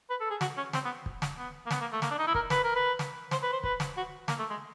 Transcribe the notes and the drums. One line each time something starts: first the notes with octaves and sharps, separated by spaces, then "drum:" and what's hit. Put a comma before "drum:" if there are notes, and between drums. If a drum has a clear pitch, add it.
B4
A4
G#4
F#4, drum: snare
C#4
C4, drum: snare
B3
drum: kick
drum: snare
B3
A#3
B3, drum: snare
A#3
A3
A#3, drum: snare
D4
D#4
E4
A#4, drum: kick
B4, drum: snare
A#4
B4
drum: snare
C5, drum: snare
B4
C5
B4, drum: kick
drum: snare
F#4
A#3, drum: snare
A3
G#3